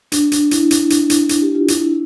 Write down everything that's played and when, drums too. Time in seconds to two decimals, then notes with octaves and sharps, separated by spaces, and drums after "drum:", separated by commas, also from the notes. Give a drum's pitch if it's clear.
0.12 D4, drum: hi-hat
0.32 drum: hi-hat
0.51 E4, drum: hi-hat
0.71 drum: hi-hat
0.90 D4, drum: hi-hat
1.10 drum: hi-hat
1.29 drum: hi-hat
1.42 G4
1.55 F4
1.68 E4, drum: hi-hat
1.81 D4